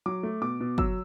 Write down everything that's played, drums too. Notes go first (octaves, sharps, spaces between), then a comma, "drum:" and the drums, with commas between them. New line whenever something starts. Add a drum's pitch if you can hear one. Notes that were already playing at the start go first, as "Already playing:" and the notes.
F#3 D6
A3
B2 D6
B2
F#3 E6, drum: kick G1